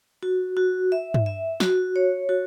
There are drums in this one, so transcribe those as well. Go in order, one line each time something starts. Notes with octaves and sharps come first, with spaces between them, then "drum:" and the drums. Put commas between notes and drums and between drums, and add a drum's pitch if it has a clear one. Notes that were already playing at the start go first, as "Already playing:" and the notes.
F#4
F#4
E5
drum: tom
E5
F#4, drum: snare
C#5
F#4